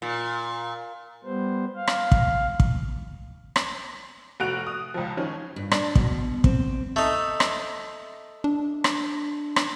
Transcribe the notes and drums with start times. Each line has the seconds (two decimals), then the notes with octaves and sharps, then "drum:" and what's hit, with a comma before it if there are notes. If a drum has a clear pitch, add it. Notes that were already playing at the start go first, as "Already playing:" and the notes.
0.02 A#2
1.24 G3 B3 C5
1.76 F5
1.87 drum: rim click
2.12 drum: kick
2.60 drum: kick
3.56 drum: rim click
4.40 F1 F#4 F#6 D7 F7
4.67 D#6
4.94 C#2 F3
5.17 D#3 F3 C#4
5.56 G2
5.72 D4, drum: rim click
5.95 B2, drum: kick
6.44 C4, drum: kick
6.96 A3 D#4
7.40 drum: rim click
8.44 D4
8.84 drum: rim click
9.56 drum: rim click